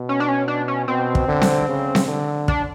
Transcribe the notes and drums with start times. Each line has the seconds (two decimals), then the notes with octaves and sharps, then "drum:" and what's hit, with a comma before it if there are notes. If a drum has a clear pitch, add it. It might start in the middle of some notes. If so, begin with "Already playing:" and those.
Already playing: B2
0.09 C#4
0.20 D4
0.29 C#4
0.48 D4
0.68 C#4
0.88 B2 C4
1.15 drum: kick
1.28 D3
1.42 drum: snare C4
1.68 C#3
1.95 drum: snare C4
2.08 D3
2.48 D4, drum: kick